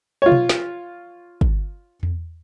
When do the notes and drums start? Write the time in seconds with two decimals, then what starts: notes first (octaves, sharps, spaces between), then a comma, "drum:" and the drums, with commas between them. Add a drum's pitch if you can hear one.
0.22 F4 C#5
0.32 drum: tom B2
0.49 drum: snare
1.41 drum: kick
2.03 drum: tom E2